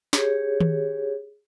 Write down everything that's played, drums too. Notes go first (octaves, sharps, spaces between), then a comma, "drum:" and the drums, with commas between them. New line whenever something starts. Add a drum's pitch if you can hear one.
G4 G#4 C#5, drum: snare
drum: tom D#3